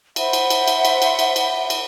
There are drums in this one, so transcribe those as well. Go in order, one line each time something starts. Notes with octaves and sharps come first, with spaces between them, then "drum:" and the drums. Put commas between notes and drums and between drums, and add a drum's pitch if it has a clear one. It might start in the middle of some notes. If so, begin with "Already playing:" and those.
C5 E5 F#5 B5, drum: cymbal
drum: cymbal
drum: cymbal
drum: cymbal
drum: cymbal
drum: cymbal
drum: cymbal
drum: cymbal
drum: cymbal